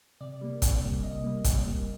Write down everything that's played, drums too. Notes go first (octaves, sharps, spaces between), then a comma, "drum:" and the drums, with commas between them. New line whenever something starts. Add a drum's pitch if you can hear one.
C3 D5
G3 A#3
C3, drum: kick, hi-hat
G3 A#3
C3 D#5
G3 A#3
C3, drum: kick, hi-hat
G3 A#3